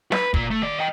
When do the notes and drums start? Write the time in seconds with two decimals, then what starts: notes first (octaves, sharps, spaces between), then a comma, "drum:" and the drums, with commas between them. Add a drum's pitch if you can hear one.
0.12 B4, drum: snare
0.34 A#2, drum: kick
0.50 A3
0.62 D#3 D5
0.79 D#5 G5